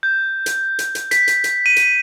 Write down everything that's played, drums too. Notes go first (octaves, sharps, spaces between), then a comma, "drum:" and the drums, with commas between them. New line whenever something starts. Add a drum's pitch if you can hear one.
G6
drum: hi-hat
drum: hi-hat
drum: hi-hat
B6, drum: hi-hat
drum: hi-hat
drum: hi-hat
D#7
drum: hi-hat